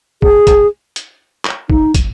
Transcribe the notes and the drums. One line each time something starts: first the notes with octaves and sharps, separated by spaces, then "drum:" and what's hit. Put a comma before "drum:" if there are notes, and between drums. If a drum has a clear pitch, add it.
G#4, drum: kick
drum: kick, hi-hat
drum: hi-hat
drum: clap
D#4, drum: kick
drum: kick, hi-hat